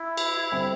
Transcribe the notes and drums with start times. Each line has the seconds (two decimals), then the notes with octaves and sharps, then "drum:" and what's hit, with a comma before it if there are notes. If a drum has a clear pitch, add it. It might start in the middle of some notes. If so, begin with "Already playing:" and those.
Already playing: E4
0.17 drum: cymbal
0.52 D3 G3 C4